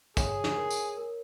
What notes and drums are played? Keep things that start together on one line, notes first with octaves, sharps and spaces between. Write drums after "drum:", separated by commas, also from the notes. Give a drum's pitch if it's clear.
G#4 C#5, drum: kick, tambourine
drum: snare
A#4
drum: tambourine
A#4